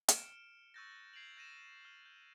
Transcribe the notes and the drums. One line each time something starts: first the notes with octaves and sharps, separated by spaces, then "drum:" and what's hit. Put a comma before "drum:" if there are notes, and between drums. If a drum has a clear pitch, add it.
F6 C#7 D7 E7, drum: hi-hat
C#6 E6 F#6 G6 A6 A#6
G#6 C7 D7 F7 F#7
G6 A#6 D#7 E7
F6
G6